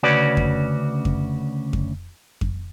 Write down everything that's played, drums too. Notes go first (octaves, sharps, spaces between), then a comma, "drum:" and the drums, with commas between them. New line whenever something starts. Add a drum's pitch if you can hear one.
D2 C#3 C#4 F#4 B4 D5
drum: kick F2
drum: kick F2
drum: kick F2
drum: kick F2